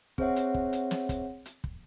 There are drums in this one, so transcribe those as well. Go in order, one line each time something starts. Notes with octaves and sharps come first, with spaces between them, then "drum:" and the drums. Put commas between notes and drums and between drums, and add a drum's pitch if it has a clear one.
C4 G#4 C5 C#5 E5 F#5, drum: kick
drum: hi-hat
drum: kick
drum: hi-hat
drum: snare
drum: kick, hi-hat
drum: hi-hat
drum: kick